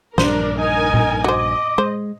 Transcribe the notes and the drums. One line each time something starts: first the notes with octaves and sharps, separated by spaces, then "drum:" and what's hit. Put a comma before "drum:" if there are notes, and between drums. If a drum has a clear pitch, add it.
A#1 G2 D4 A#4 C5, drum: snare
D#4 A#4 D#5 G#5
drum: tom A#2
F#4 C5 D#5 D6
G#3 C5